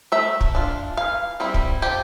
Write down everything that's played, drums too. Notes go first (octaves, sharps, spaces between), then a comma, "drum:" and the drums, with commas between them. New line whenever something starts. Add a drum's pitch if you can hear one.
A3 E5
drum: kick
D4 F4
E3 F5
G3 C4 E4
drum: kick
F3 G4